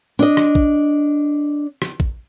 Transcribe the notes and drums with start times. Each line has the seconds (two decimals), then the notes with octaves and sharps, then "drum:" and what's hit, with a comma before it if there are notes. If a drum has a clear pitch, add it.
0.19 D4 D#5
0.37 drum: rim click
0.55 drum: kick
1.82 drum: rim click
2.00 drum: kick